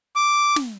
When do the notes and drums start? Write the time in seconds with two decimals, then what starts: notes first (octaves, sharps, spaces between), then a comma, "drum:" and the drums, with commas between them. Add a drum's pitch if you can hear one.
0.16 D6
0.56 drum: snare